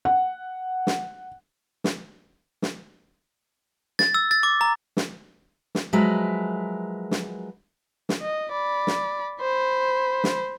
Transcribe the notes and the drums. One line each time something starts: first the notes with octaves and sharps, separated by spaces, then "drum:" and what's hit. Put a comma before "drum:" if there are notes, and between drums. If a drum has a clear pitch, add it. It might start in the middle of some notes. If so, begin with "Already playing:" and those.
F#5
drum: snare
drum: snare
drum: snare
A6, drum: snare
E6
A6
D6
A#5
drum: snare
drum: snare
F3 F#3 G#3 A#4 B4 E5
drum: snare
drum: snare
D#5
D5 B5
drum: snare
C5 B5
drum: snare